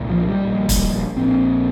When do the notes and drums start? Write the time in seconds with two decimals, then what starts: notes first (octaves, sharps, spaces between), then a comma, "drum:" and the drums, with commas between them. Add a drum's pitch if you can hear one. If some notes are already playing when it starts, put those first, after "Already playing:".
Already playing: C2 A#2
0.10 F3
0.27 G3
0.45 A#1 A#2
0.69 drum: kick, hi-hat
1.16 A#1 A#2 C4